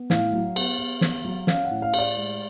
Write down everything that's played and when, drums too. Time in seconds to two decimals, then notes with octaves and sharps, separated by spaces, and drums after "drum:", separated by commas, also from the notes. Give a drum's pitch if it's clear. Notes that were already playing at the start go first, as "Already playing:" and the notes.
Already playing: B3
0.10 A2 F5, drum: snare
0.33 F#3
0.56 B3, drum: cymbal
0.79 B3
1.01 B3, drum: snare
1.25 F#3
1.47 C#4 F5, drum: snare
1.65 F#5
1.70 A2
1.82 F5
1.94 A2 D5, drum: cymbal
2.16 G#3